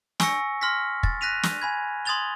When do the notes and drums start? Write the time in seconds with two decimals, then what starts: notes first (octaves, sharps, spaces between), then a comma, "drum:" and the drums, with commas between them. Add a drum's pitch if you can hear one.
0.20 G#5 C#6 E6 A#6 C#7, drum: snare
0.61 C6 F6 A#6 B6
1.03 A6, drum: kick
1.21 F#6 A#6 B6 D#7 F7
1.43 drum: snare
1.62 G#5 B5 G#6
2.05 C6 D#6 G#6 A6 F7 G7